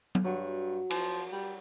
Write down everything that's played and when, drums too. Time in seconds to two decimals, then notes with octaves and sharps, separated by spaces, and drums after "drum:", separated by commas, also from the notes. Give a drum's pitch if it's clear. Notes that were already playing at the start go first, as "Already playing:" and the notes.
0.15 drum: tom
0.24 G2 F#3
0.91 F3, drum: cymbal
1.32 G3